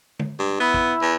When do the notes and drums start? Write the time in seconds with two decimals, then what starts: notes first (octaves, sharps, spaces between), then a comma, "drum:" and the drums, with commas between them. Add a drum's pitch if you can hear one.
0.19 drum: tom D3
0.39 G2
0.60 B3 E4
0.74 drum: kick
1.02 E2